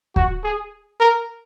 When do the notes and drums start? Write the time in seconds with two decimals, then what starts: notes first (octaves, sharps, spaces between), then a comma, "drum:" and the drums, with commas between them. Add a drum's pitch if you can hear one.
0.16 F#4, drum: kick
0.44 G#4
1.00 A#4